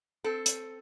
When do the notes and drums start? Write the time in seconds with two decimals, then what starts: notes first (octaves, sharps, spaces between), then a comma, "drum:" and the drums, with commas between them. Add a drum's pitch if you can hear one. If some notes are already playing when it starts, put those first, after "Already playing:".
0.24 C4 A4
0.46 drum: hi-hat